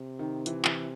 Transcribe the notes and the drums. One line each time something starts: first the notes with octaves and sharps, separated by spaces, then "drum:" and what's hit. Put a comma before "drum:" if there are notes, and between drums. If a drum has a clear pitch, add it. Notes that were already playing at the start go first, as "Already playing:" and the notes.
Already playing: C3
D#3
E3, drum: hi-hat
E3, drum: clap